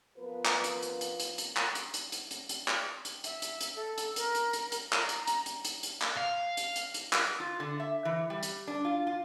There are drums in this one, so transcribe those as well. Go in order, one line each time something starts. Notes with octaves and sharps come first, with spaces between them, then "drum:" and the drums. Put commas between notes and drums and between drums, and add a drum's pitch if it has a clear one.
F3 B3 F4 A#4 B4
drum: clap
drum: hi-hat
drum: hi-hat
drum: hi-hat
drum: hi-hat
drum: hi-hat
drum: clap
drum: hi-hat
drum: hi-hat
drum: hi-hat
drum: hi-hat
drum: hi-hat
drum: clap
drum: hi-hat
E5, drum: hi-hat
drum: hi-hat
drum: hi-hat
A4
drum: hi-hat
A#4, drum: hi-hat
drum: hi-hat
drum: hi-hat
drum: hi-hat
A#5, drum: clap
drum: hi-hat
drum: hi-hat
drum: hi-hat
drum: hi-hat
drum: hi-hat
drum: clap
F5
drum: hi-hat
drum: hi-hat
drum: hi-hat
drum: clap
F4
D3
E5
E3
G3
drum: hi-hat
D4
F4
F4